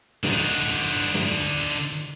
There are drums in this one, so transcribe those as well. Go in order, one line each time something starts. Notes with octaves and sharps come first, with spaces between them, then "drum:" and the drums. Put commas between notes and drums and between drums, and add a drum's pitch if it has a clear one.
D3 D#4, drum: snare
drum: hi-hat
drum: hi-hat
drum: hi-hat
drum: hi-hat
drum: hi-hat
drum: snare
drum: hi-hat
drum: hi-hat
drum: hi-hat